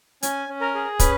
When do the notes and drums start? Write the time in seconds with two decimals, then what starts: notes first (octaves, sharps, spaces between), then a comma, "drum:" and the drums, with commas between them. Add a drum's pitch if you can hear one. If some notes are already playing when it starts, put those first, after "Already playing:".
0.23 C#4 G#5, drum: hi-hat
0.49 C#4
0.61 A#4
0.75 G#4
0.99 C#4 B4, drum: kick, hi-hat